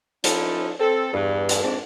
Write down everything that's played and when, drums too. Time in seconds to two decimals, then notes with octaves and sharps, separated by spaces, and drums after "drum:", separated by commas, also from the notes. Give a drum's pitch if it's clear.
0.24 F3 C#4 D#4 E4 A4, drum: hi-hat
0.79 C4 A4
1.13 E2 G2
1.49 drum: hi-hat
1.63 F2 G#2 C4 D4